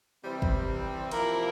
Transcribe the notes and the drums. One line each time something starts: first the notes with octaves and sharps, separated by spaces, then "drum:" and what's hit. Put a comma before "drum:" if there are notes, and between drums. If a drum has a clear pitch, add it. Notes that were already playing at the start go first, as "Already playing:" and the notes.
C3 E3 G3 C4
drum: kick
C3 F3 A#3 E4 A#4, drum: cymbal